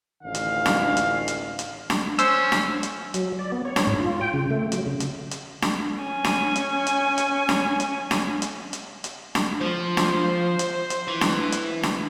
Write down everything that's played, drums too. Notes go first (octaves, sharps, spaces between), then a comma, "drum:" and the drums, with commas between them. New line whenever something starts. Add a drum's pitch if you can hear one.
A1 D2 D#3 C#4 F5
drum: hi-hat
drum: snare D4
drum: hi-hat
drum: hi-hat
drum: hi-hat
drum: snare D4
C#4 C5 E6, drum: hi-hat
drum: snare D4
drum: hi-hat
F#3, drum: hi-hat
D5
B3
C#5
drum: snare D4
G#2
F4
G5
C#3
A3
F#3, drum: hi-hat
C#3
drum: hi-hat
drum: hi-hat
drum: snare D4
C#4 G#5
drum: snare D4
drum: hi-hat
drum: hi-hat
drum: hi-hat
drum: snare D4
drum: hi-hat
drum: snare D4
drum: hi-hat
drum: hi-hat
drum: hi-hat
drum: snare D4
F3 C5
drum: snare D4
drum: hi-hat
drum: hi-hat
E3
drum: snare D4
drum: hi-hat
drum: snare D4